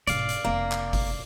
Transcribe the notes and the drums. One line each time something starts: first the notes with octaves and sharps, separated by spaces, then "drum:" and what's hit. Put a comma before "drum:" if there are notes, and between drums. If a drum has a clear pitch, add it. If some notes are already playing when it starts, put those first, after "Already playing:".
E1 G#2 D5 F5, drum: hi-hat
drum: hi-hat
F1 A#3 C4
drum: clap
drum: kick G1, open hi-hat